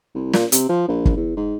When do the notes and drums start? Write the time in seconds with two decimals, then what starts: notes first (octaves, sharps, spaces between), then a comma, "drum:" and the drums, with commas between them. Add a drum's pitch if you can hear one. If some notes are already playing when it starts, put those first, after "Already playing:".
0.15 C2
0.33 A#2, drum: snare
0.52 C3, drum: hi-hat
0.69 F3
0.88 A#1
1.05 drum: kick
1.16 E2
1.37 G#2